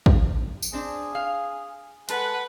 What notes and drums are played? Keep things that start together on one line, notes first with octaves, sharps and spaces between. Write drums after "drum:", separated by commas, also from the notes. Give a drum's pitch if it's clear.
drum: kick
drum: tambourine
C4 D4 G#4
F5
G#3 A4 B4 F#5, drum: hi-hat